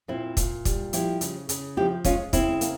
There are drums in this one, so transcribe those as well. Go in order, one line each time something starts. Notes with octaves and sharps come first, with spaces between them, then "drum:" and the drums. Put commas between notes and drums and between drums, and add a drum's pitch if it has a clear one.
A#2 C4 E4
A#2, drum: kick, hi-hat
G3, drum: kick, hi-hat
F3 E4 G4, drum: hi-hat
C#3, drum: hi-hat
C#3, drum: hi-hat
F3 E4 G4
G#3 C#4 F4, drum: kick, hi-hat
C#3 C4 E4, drum: kick, hi-hat
A#3, drum: hi-hat